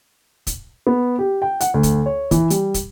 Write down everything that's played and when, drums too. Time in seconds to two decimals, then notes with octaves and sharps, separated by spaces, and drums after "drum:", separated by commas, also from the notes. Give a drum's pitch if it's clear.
0.47 drum: kick, hi-hat
0.87 B3
1.18 G4
1.42 G5
1.60 F#5, drum: hi-hat
1.74 D2
1.83 drum: kick, hi-hat
2.06 C#5
2.31 E3, drum: kick, hi-hat
2.50 G3, drum: hi-hat
2.74 drum: kick, hi-hat